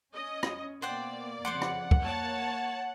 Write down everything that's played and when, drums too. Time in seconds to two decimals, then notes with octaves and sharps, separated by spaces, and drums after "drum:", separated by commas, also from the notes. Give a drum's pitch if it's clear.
0.13 C#4 D#5
0.43 drum: rim click
0.82 B2 A#3 C5 D5 F#5 G5
1.45 F2 C#3 C5 F#5 C6 D6
1.62 drum: rim click
1.91 drum: kick
2.01 A#3 C#5 A5